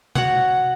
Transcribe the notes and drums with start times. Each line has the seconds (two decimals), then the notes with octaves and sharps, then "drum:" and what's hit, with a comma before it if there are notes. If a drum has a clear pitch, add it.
0.15 F#4 C#5 F#5, drum: tom